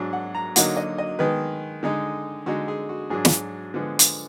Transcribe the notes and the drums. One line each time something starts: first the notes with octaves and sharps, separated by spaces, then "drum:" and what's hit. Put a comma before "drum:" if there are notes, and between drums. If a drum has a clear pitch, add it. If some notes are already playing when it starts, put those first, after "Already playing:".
Already playing: G#2 F#3 D4
F#5
A#5
D3 F#3 A#3 D#4 F#5, drum: hi-hat
D#5
D#5
D#3 G#3 B3 B4
D3 G#3 D#4
D3 G#3 D#4 F#4
G#4
F#4
G#2 F#3 D4 G#4
drum: snare
D3 F3 G#3 B3
drum: hi-hat